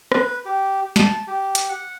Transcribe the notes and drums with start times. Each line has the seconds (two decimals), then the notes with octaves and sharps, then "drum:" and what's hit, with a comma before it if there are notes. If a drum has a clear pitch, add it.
0.12 B4, drum: rim click
0.45 G4
0.96 A5, drum: snare
1.27 G4
1.55 drum: hi-hat
1.69 F#5